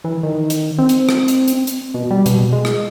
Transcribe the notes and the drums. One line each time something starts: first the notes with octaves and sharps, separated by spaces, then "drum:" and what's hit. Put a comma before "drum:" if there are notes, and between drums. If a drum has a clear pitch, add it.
E3
D#3
drum: hi-hat
C4
drum: hi-hat
drum: rim click
drum: hi-hat
drum: hi-hat
drum: hi-hat
B2
G3
B2, drum: hi-hat
G#3
drum: rim click